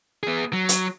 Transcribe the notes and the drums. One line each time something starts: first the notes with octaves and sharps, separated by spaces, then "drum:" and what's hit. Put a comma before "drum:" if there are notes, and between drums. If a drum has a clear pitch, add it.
B3 G#4
F#3
drum: hi-hat